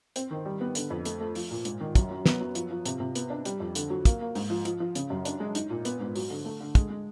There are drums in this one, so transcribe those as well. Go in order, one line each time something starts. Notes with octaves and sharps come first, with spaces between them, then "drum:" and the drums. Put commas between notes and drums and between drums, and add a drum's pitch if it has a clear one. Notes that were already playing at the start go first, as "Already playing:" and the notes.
C4, drum: hi-hat
D#3
G3
B3
D3, drum: hi-hat
F2
A3, drum: hi-hat
A3
F3, drum: open hi-hat
A#2
G#2, drum: hi-hat
D#3
F#2, drum: kick, hi-hat
F#3
B3, drum: snare
F#3
F3, drum: hi-hat
F3
C3, drum: hi-hat
C3
B3, drum: hi-hat
D4
G3, drum: hi-hat
F2
D3, drum: hi-hat
F#3
A#3, drum: kick, hi-hat
A#3
G#2, drum: open hi-hat
F3
F3, drum: hi-hat
F3
C#3, drum: hi-hat
F#2
D4, drum: hi-hat
G#3
D#4, drum: hi-hat
A#2
B3, drum: hi-hat
G#2
F#3, drum: open hi-hat
D3
A3
D3
G#3, drum: kick, hi-hat
G#3